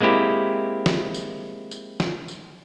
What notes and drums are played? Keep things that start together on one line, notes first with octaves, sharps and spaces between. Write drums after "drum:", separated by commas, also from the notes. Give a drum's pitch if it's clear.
G#3 A#3 C4 E4 G4
drum: snare
drum: tambourine
drum: tambourine
drum: snare
drum: tambourine